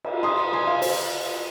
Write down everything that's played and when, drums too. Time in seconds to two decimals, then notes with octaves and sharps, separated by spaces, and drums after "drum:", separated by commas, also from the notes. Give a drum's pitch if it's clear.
0.04 drum: cymbal
0.23 C6 D#6
0.53 G#5 C6
0.67 F5 G#5
0.82 C5, drum: open hi-hat